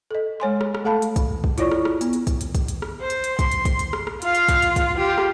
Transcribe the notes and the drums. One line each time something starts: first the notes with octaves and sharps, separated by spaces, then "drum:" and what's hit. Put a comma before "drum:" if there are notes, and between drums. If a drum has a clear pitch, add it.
A4 D#5
G#3 C#5 G#5 C6
drum: rim click
drum: rim click
A3 A4 F5 A5 B5
drum: hi-hat
drum: kick, hi-hat
drum: kick
E4 F4 C#5 D5 C#6, drum: hi-hat
drum: rim click
drum: rim click
B3, drum: hi-hat
drum: hi-hat
drum: kick, hi-hat
drum: hi-hat
drum: kick, hi-hat
drum: hi-hat
drum: rim click
C5
drum: hi-hat
drum: hi-hat
C6, drum: kick, hi-hat
drum: hi-hat
drum: kick, hi-hat
drum: hi-hat
drum: rim click
drum: rim click
F4 F5, drum: hi-hat
drum: hi-hat
drum: kick, hi-hat
drum: hi-hat
drum: kick, hi-hat
F4 G4
drum: rim click